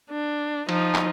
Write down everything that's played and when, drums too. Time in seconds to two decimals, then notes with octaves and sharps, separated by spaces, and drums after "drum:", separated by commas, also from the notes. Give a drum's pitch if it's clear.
0.10 D4
0.69 F3 D#4, drum: cymbal
0.95 drum: clap